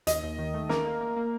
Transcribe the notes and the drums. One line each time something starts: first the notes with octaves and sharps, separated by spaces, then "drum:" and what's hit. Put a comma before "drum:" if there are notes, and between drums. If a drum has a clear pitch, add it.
D#2 D#5, drum: hi-hat
D#2
D#3
A3
A#3 A#4, drum: snare
A#3
A#3
A#3